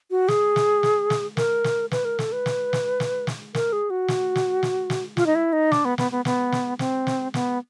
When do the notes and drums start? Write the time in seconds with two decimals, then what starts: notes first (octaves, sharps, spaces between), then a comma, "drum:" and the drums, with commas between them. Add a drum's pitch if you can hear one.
0.11 F#4
0.28 G#4, drum: snare
0.56 drum: snare
0.83 drum: snare
1.10 drum: snare
1.37 A#4, drum: snare
1.64 drum: snare
1.92 B4, drum: snare
2.05 A#4
2.19 A4, drum: snare
2.32 B4
2.46 drum: snare
2.73 drum: snare
3.00 drum: snare
3.27 drum: snare
3.55 A#4, drum: snare
3.73 G#4
3.90 F#4
4.08 drum: snare
4.36 drum: snare
4.63 drum: snare
4.90 drum: snare
5.17 F4, drum: snare
5.26 D#4
5.35 E4
5.53 D#4
5.72 D4, drum: snare
5.85 B3
5.98 B3, drum: snare
6.12 B3
6.25 B3, drum: snare
6.52 drum: snare
6.79 C4, drum: snare
7.07 drum: snare
7.34 B3, drum: snare